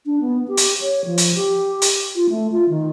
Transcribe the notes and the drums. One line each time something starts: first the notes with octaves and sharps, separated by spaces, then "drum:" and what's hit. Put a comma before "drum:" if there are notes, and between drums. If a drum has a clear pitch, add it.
D4
B3
G4
drum: hi-hat
C#5
F3
drum: hi-hat
G4
drum: hi-hat
F4
A3
F4
D#3